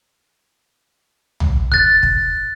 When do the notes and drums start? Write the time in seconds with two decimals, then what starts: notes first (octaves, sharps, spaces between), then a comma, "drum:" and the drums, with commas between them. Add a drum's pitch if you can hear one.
1.40 drum: tom
1.72 F#6 A6, drum: kick
2.03 drum: kick